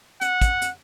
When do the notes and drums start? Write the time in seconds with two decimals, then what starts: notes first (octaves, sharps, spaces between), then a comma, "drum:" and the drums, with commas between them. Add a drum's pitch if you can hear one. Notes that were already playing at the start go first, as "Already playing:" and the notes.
0.21 F#5, drum: hi-hat
0.41 drum: kick, hi-hat
0.62 drum: hi-hat